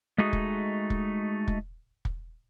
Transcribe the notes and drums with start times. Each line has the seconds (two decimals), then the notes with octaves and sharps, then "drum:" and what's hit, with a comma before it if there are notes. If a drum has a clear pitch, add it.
0.18 G#3 A3 D#4 F#4 G#4
0.33 drum: kick
0.90 drum: kick
1.48 drum: kick
2.05 drum: kick